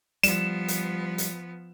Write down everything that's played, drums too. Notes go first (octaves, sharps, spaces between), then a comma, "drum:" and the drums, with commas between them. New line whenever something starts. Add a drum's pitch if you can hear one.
F3 G3 B3 E7, drum: hi-hat
drum: hi-hat
drum: hi-hat